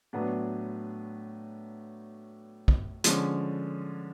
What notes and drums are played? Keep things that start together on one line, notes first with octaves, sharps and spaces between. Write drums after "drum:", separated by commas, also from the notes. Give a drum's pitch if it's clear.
A2 F#3 B3 D4
drum: kick
D3 F3 G#3 C#4, drum: hi-hat